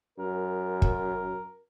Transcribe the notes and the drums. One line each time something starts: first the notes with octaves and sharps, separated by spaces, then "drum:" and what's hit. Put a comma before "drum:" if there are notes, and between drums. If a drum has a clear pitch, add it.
F#2 A#4
drum: kick